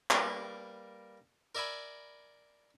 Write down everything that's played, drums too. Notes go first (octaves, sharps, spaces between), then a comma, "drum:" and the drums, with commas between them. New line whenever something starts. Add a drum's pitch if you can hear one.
G3 A#3 A#4 B4, drum: clap
A#4 D5 E5 G#5 B5